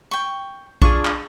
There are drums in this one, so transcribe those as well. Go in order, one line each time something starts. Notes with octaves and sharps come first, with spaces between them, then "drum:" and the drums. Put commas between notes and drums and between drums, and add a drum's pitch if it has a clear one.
G5 C#6
D4 F4 G#4 C#6, drum: kick
drum: clap